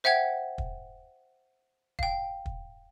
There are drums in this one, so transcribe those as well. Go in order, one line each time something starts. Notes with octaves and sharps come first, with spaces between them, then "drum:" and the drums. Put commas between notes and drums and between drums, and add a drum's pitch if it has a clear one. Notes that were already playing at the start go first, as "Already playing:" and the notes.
C5 E5 F#5 G5 G#6
drum: kick
F5 G5, drum: kick
drum: kick